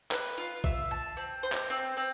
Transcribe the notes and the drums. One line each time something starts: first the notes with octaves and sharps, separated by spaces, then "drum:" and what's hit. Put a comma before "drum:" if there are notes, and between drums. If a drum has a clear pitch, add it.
B4, drum: clap
F4
E5, drum: kick
A5
C4
C5
drum: clap
C4
C4